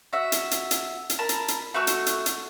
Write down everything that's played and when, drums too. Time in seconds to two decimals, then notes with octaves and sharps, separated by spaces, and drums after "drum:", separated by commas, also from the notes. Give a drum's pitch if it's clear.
0.13 F#4 E5
0.32 drum: hi-hat
0.51 drum: hi-hat
0.71 drum: hi-hat
1.10 drum: hi-hat
1.19 A#4 A5 B5
1.29 drum: hi-hat
1.48 drum: hi-hat
1.74 A3 F#4 C#6 E6
1.87 drum: hi-hat
2.06 drum: hi-hat
2.26 drum: hi-hat